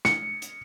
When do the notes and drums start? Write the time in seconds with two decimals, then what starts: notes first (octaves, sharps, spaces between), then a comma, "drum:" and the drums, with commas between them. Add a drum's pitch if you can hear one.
0.05 C#7, drum: snare
0.42 drum: hi-hat